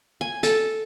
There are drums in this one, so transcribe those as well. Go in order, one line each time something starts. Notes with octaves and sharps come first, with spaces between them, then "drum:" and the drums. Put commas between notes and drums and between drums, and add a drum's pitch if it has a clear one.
G#5
A4, drum: hi-hat